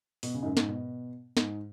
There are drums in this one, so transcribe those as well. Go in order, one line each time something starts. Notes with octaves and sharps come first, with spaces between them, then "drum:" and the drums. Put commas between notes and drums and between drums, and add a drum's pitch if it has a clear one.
B2, drum: open hi-hat
C#3
G#2
F#2
G#2, drum: snare
B2
G#2, drum: snare